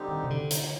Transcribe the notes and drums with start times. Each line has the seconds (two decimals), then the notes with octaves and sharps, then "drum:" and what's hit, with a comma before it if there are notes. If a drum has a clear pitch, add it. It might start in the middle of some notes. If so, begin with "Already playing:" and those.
Already playing: D3 G3 C4 D#4 G4
0.08 D#3
0.24 C3
0.30 D3
0.51 drum: hi-hat